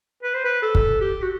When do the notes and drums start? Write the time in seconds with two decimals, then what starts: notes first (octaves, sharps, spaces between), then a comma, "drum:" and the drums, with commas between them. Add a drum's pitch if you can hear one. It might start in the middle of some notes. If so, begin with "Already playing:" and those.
0.23 B4
0.34 C5
0.44 B4
0.62 A4
0.75 drum: kick
1.01 G4
1.22 F#4